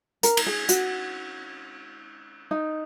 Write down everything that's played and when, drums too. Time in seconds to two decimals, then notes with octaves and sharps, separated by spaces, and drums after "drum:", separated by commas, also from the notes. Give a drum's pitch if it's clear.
0.23 A#4, drum: hi-hat
0.37 drum: cymbal
0.46 G#4
0.69 F#4, drum: hi-hat
2.51 D#4